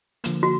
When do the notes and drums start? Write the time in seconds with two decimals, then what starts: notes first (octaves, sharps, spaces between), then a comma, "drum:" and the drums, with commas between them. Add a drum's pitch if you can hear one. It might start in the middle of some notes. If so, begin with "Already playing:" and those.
0.24 D3 F3 A#3, drum: hi-hat
0.43 F#4